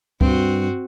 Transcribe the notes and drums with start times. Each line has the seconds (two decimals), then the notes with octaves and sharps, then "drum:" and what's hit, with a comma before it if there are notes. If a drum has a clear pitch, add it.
0.21 G2 C4 F#4, drum: kick C#2